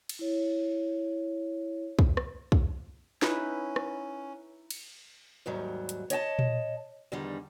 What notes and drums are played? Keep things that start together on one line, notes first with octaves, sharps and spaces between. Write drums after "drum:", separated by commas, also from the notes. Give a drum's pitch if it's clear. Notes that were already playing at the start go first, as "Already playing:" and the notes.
drum: cymbal
E4 C#5
drum: kick
drum: rim click
drum: kick
C#4 D#4 E4 B4, drum: snare
drum: rim click
drum: cymbal
D#2 G#2 F#3 G3
drum: hi-hat
C#5 D#5 G5 A5, drum: hi-hat
drum: tom A#2
E2 D3 D#3 G3